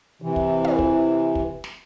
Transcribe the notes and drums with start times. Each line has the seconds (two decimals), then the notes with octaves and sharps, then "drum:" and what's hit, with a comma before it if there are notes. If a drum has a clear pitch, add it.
0.22 C3 E3
0.36 drum: kick
0.64 drum: tom
0.79 drum: kick
1.35 drum: kick
1.64 drum: snare